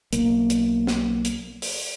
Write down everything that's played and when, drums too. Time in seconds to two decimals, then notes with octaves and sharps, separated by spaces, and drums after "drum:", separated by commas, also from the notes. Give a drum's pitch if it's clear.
0.13 B1 A#3, drum: hi-hat
0.50 drum: hi-hat
0.87 drum: snare
1.25 drum: hi-hat
1.62 drum: open hi-hat